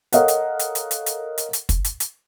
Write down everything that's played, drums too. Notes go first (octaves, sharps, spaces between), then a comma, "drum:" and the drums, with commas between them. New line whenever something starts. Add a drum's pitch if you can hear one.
A4 A#4 C#5 D#5 F5 F#5, drum: hi-hat
drum: hi-hat
drum: hi-hat
drum: hi-hat
drum: hi-hat
drum: hi-hat
drum: hi-hat
drum: hi-hat
drum: kick, hi-hat
drum: hi-hat
drum: hi-hat